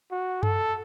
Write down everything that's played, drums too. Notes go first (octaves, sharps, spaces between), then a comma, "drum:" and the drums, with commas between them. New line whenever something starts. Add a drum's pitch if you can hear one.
F#4
A4, drum: tom F#2